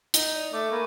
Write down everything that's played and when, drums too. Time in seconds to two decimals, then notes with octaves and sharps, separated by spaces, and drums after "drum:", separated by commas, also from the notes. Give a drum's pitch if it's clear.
0.14 D#4, drum: hi-hat
0.34 D5
0.53 A3 D6
0.71 A#3 G#5 B5 C#6